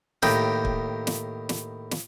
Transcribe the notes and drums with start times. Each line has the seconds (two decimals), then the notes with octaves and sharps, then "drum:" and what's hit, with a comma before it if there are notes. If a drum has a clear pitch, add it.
0.22 D#2 A2 D#4 G4 G5, drum: snare
0.65 drum: kick
1.07 drum: snare
1.49 drum: snare
1.91 drum: snare